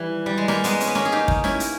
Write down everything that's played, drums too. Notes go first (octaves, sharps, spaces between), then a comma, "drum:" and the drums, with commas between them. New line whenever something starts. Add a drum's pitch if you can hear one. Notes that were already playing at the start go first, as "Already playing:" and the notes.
Already playing: E3 G3
G3
G#3
G3 A#3, drum: snare
G#3 B3, drum: hi-hat
C#4, drum: hi-hat
B3
A#3 C#4, drum: snare
G#4
D#4 G4
drum: kick
C#4 E4, drum: snare
drum: hi-hat